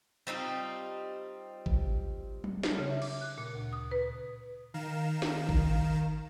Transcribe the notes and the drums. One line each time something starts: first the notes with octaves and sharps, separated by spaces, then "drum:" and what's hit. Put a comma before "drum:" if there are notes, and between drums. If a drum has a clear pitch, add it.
G3 C4 D#4 F4
drum: kick G#1
drum: tom F#3
drum: snare
C#3
E5
D6, drum: cymbal
F#6
A#2
D2
D#6
B4
D#3 F5 A#5 E7
drum: snare
drum: kick G#1